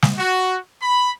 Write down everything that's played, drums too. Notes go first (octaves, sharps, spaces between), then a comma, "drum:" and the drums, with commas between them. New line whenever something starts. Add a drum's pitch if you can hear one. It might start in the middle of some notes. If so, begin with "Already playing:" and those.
drum: snare
F#4
B5